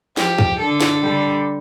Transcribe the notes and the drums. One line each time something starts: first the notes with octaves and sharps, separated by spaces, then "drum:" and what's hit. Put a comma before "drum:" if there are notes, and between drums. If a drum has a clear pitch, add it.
F3 G4, drum: snare
drum: kick
D3 A4
drum: snare
D3 G3